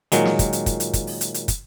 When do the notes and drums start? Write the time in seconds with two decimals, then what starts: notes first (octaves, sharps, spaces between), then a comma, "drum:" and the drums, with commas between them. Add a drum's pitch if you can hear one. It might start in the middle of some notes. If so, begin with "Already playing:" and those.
0.12 A#2 D#3 F#3 G#3, drum: hi-hat
0.25 drum: snare
0.39 drum: kick, hi-hat
0.53 drum: hi-hat
0.66 drum: kick, hi-hat
0.80 drum: hi-hat
0.93 drum: kick, hi-hat
1.07 drum: open hi-hat
1.21 drum: hi-hat
1.34 drum: hi-hat
1.48 drum: kick, hi-hat